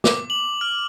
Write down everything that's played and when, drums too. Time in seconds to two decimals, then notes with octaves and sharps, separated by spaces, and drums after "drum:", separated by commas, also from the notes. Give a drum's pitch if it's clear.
0.04 D6, drum: snare
0.30 F#7
0.61 F6